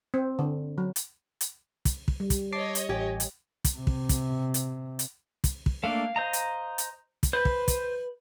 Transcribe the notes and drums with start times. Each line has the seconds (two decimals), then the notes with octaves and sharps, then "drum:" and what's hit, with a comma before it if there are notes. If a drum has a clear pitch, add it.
0.14 C4
0.39 D3
0.78 F#3
0.96 drum: hi-hat
1.41 drum: hi-hat
1.85 drum: kick, hi-hat
2.08 drum: kick
2.20 G3
2.30 drum: kick, hi-hat
2.53 C#5 D#5 A5 D6 C7
2.75 drum: hi-hat
2.89 A1 G4 G#5
3.20 drum: hi-hat
3.65 drum: kick, hi-hat
3.78 C3
3.87 drum: kick
4.09 drum: kick, hi-hat
4.54 drum: hi-hat
4.99 drum: hi-hat
5.44 drum: kick, hi-hat
5.66 drum: kick
5.84 A3 A#3 D4 F5
6.16 C5 D#5 A#5
6.33 drum: hi-hat
6.78 drum: hi-hat
7.23 drum: kick, hi-hat
7.33 B4 C5 G6
7.45 drum: kick
7.68 drum: kick, hi-hat